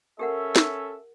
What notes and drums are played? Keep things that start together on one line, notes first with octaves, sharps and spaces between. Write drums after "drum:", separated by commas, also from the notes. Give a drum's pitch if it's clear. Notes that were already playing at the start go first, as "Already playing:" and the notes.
C#4 G4 A4 A#4 E5 F#5
drum: snare